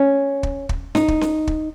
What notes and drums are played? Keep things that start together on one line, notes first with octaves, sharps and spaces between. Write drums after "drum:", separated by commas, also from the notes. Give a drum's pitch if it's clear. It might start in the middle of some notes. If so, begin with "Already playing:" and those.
Already playing: C#4
drum: kick
drum: kick
D#4, drum: snare C#4
drum: kick
drum: snare C#4
drum: kick